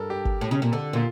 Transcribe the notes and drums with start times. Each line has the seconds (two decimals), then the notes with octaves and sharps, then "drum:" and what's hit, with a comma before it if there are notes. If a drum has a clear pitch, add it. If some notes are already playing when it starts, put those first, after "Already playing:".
Already playing: G2 A4 A#4
0.10 G4
0.25 drum: kick G1
0.41 A2
0.51 C#3
0.62 A#2
0.72 D3 A4
0.93 A#2 F4